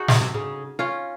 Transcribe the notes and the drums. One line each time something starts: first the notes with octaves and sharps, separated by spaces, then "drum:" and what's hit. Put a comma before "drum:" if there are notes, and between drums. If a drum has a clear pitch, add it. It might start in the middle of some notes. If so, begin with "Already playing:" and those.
Already playing: D#4 F#4 G#4
C#3, drum: snare
C3
C#3
C#4 F4